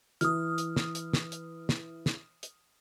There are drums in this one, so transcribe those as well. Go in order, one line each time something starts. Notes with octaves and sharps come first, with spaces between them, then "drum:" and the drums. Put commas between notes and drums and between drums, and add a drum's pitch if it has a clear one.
E3 D#6 F6, drum: hi-hat
drum: hi-hat
drum: snare
drum: hi-hat
drum: snare
drum: hi-hat
drum: snare
drum: snare
drum: hi-hat